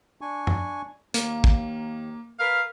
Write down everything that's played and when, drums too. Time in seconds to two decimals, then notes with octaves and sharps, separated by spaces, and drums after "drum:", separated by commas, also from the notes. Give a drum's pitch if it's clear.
0.21 D4 G#5 C#6
0.47 drum: tom
1.14 D#2 A#3, drum: hi-hat
1.44 drum: kick
2.39 A#4 B4 F5